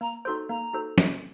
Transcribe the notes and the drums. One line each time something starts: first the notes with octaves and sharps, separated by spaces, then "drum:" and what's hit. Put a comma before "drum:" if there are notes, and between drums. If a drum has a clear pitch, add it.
A#3 A#5
D#4 F#4 A4 C5 C6
A#3 A#5
D#4 F#4 A4 C5
A#3, drum: snare